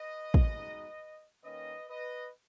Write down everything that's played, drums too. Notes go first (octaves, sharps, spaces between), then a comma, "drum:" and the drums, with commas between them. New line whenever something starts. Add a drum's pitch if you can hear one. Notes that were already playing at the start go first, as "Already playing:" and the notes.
Already playing: B4 D#5
drum: kick
B2 G#3 D#4
D#3 A#3 C#4 B4 D#5
B4 D#5